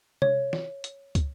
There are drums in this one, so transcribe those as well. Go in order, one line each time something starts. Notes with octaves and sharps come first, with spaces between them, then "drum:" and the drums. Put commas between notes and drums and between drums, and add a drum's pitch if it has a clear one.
C#5, drum: tom C3
drum: snare
drum: hi-hat
drum: kick, hi-hat